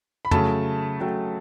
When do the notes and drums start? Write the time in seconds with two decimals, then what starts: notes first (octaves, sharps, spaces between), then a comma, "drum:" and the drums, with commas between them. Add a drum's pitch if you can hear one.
0.25 B5
0.31 C#3 F#3 A3 A5, drum: tom F2
1.00 C#3 F#3 A3 G5